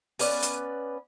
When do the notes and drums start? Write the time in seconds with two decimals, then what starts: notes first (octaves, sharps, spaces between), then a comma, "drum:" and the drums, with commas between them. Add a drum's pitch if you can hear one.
0.19 B3 C#4 B4 D5, drum: open hi-hat
0.42 drum: hi-hat